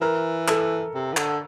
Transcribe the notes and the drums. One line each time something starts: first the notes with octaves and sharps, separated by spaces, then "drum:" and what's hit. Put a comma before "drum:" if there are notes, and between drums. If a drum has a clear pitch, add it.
E3 A#4
A4, drum: clap
C3
E3
D3, drum: clap